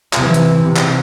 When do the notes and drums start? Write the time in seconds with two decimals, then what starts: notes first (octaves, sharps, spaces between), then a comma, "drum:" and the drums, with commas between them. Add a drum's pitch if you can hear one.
0.13 C3 E3, drum: clap
0.34 drum: hi-hat
0.60 C3
0.76 drum: clap